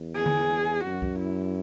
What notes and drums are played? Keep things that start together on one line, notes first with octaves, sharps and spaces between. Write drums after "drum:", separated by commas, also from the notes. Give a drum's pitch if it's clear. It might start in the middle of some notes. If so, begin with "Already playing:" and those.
Already playing: E2
G#4
drum: tom D3
F#2 F#4
drum: kick C2
E4